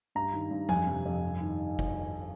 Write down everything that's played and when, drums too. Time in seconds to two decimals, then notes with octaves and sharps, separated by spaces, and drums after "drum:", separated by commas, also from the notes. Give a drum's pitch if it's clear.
0.15 G2 A#5
0.34 D#3
0.51 G2
0.69 F2 G#5, drum: tom F3
0.87 C3
1.05 F2
1.22 G2
1.41 D#3
1.79 drum: kick